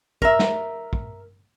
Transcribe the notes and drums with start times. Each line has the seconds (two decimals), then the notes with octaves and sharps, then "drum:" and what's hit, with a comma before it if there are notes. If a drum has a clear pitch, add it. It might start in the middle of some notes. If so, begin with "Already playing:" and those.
0.22 A#4 E5, drum: kick
0.39 drum: snare
0.93 drum: kick